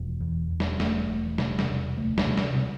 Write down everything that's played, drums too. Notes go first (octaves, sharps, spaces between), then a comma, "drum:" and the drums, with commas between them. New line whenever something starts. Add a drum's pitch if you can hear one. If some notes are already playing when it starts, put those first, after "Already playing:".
Already playing: E1 F3
E2
E1
drum: snare
E1 A3, drum: snare
E1 A3
C3, drum: snare
drum: snare
E1
D2 A3
drum: snare
C3
drum: snare
C3 C4